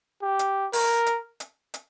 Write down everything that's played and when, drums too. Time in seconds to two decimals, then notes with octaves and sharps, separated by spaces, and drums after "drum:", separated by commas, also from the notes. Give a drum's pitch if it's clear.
0.22 G4
0.39 drum: hi-hat
0.73 A#4, drum: open hi-hat
1.06 drum: hi-hat
1.40 drum: hi-hat
1.74 drum: hi-hat